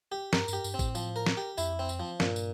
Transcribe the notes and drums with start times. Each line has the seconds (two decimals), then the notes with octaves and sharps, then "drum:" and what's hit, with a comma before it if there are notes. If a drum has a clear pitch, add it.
0.12 G4
0.33 G2 A#4, drum: snare
0.48 G2 G4, drum: tambourine
0.64 G2, drum: tambourine
0.74 C4
0.79 A2, drum: kick, tambourine
0.95 F3, drum: tambourine
1.16 A#4
1.26 drum: snare
1.37 G4
1.58 F2 E4, drum: tambourine
1.79 C4
1.89 drum: tambourine
2.00 F3
2.20 G2 A#2, drum: snare
2.36 drum: tambourine